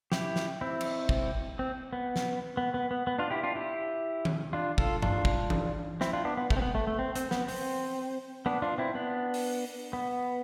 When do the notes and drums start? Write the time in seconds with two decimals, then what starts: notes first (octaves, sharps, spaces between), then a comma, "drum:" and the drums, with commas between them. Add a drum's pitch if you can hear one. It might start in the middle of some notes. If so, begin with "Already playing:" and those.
0.12 E4 G4, drum: snare
0.36 drum: snare
0.61 C4 E4
0.81 drum: cymbal
1.09 drum: kick
1.59 C4
1.93 B3
2.16 drum: snare
2.57 B3
2.74 B3
2.91 B3
3.07 B3
3.19 D4 F4
3.30 E4 G4
3.44 D4 F4
3.55 E4 G4
4.25 drum: tom D#3
4.53 D4 F4
4.78 F4 A4, drum: kick
5.02 D4 F4, drum: tom G2
5.25 drum: kick
5.50 drum: tom E3
6.01 C4 E4, drum: snare
6.13 D4 F4
6.25 B3 D4
6.37 B3
6.50 A3, drum: kick
6.57 C4
6.62 B3
6.75 A3
6.87 A3
6.99 C4
7.16 C4, drum: hi-hat
7.31 B3, drum: snare
7.48 C4, drum: open hi-hat
8.46 B3 D4
8.62 D4 F4
8.78 C4 E4
8.95 B3 D4
9.34 drum: open hi-hat
9.93 B3